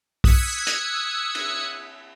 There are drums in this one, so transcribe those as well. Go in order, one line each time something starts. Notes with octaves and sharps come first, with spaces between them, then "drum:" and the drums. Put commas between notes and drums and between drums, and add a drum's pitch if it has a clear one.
D#6 E6 F#6 G#6 B6 C#7, drum: kick
drum: hi-hat
drum: cymbal